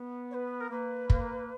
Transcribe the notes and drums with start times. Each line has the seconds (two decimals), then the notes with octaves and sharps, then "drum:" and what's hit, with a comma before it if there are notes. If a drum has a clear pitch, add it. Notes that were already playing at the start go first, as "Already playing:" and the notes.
Already playing: B3
0.31 C#5
0.34 B4
0.60 A#4
0.70 A#3 B4
1.10 A#3, drum: kick